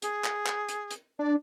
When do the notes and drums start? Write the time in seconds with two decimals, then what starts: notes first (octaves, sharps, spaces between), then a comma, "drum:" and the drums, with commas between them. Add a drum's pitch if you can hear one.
0.02 G#4, drum: hi-hat
0.24 drum: clap
0.46 drum: clap
0.69 drum: hi-hat
0.91 drum: hi-hat
1.19 D4 D5